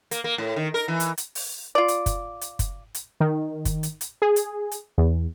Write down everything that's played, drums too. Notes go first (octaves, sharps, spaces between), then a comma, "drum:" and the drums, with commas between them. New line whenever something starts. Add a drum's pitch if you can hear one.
A#3, drum: hi-hat
A#3
A2
D#3
A#4
E3
drum: hi-hat
drum: hi-hat
drum: open hi-hat
F4 D5
drum: hi-hat
drum: kick, hi-hat
drum: hi-hat
drum: kick, hi-hat
drum: hi-hat
D#3
drum: kick, hi-hat
drum: hi-hat
drum: hi-hat
G#4
drum: hi-hat
drum: hi-hat
E2